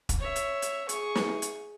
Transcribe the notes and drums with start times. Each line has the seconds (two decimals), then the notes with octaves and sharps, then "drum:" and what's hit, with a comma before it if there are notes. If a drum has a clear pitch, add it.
0.09 drum: kick E1, hi-hat
0.19 C#5 E5
0.36 drum: hi-hat
0.62 drum: hi-hat
0.89 G#4 C#6, drum: hi-hat
1.15 drum: snare
1.42 drum: hi-hat